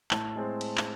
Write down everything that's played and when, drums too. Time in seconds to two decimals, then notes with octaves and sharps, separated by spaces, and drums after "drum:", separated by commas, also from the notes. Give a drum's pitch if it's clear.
0.11 A2 A5, drum: clap
0.36 G#3 C4
0.61 drum: cymbal
0.78 drum: clap